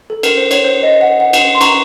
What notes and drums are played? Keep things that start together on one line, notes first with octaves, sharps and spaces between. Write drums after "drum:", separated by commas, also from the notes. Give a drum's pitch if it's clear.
A4
A#4, drum: cymbal
C5
C#5, drum: cymbal
C5
D#5
F#5
F#5
drum: cymbal
C6
A#5 C#6, drum: cymbal